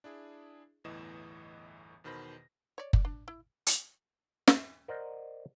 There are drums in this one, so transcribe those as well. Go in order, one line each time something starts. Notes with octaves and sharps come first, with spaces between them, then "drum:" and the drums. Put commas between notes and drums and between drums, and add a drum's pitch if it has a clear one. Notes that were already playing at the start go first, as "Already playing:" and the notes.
D4 E4 G#4
G1 E2 A2 E3 D#5 E7
E2 B2 D#3 C5 B5 A#6
C#5 D5
D5, drum: kick F#1
D4
E4
drum: hi-hat
drum: snare
A#4 C5 D5 D#5 F#5